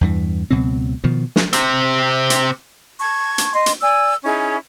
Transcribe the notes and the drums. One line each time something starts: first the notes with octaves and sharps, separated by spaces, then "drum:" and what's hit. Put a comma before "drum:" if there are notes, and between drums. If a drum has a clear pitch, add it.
E2 G2 E3
C#2 B2 F#3 C4
B2 D#3 F3
drum: snare
C3 C4, drum: hi-hat
drum: hi-hat
A5 C#6 G#6
drum: hi-hat
D#5 C6
drum: hi-hat
D5 G#5 E6
C#4 D#4 E4 G#4